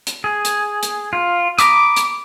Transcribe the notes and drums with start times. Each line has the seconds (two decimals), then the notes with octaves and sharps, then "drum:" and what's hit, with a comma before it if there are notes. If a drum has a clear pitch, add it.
0.07 drum: hi-hat
0.24 G#4
0.45 drum: hi-hat
0.83 drum: hi-hat
1.13 F4
1.59 A#5 B5 D6 D#6, drum: hi-hat
1.96 drum: hi-hat